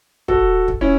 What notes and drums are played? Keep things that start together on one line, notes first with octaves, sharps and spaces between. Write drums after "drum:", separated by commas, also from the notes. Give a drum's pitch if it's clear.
F#4 A4, drum: kick
drum: kick
C#4 E4